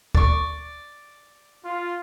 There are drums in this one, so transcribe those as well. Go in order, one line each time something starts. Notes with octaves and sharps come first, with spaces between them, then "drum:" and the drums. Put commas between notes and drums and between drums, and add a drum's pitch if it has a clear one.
D5 C#6, drum: kick
F4